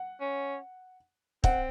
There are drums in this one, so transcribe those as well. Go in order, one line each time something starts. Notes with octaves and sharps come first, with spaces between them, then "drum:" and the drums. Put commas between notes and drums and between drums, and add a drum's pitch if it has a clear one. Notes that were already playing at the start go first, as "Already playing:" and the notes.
Already playing: F#5
C#4
C4 F#5, drum: kick